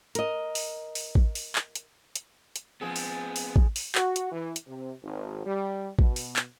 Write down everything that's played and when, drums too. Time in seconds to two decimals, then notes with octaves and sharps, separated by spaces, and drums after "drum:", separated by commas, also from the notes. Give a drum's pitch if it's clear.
0.15 A#4 D#5, drum: hi-hat
0.55 drum: open hi-hat
0.95 drum: open hi-hat
1.15 drum: kick
1.35 drum: open hi-hat
1.55 drum: clap
1.75 drum: hi-hat
2.16 drum: hi-hat
2.56 drum: hi-hat
2.81 F3 G#3 B3 C4 G#4
2.96 drum: open hi-hat
3.36 drum: open hi-hat
3.56 drum: kick
3.76 drum: open hi-hat
3.95 F#4, drum: clap
4.16 drum: hi-hat
4.32 E3
4.56 drum: hi-hat
4.67 C3
5.03 G#1
5.44 G3
5.99 B2, drum: kick
6.16 drum: open hi-hat
6.36 drum: clap